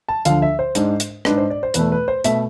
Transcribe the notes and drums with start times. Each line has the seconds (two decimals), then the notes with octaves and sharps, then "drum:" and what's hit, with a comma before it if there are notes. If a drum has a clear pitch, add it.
0.08 A5
0.25 D2 D3 F3 F5, drum: hi-hat
0.42 E5
0.59 C5
0.75 G#2 G#3 D4, drum: hi-hat
1.00 drum: hi-hat
1.25 G#2 G#3 D4 B4, drum: rim click
1.38 C5
1.50 D5
1.63 C5
1.74 E2 B2 A3 B4, drum: hi-hat
1.92 B4
2.08 C5
2.24 B2 A3 E5, drum: hi-hat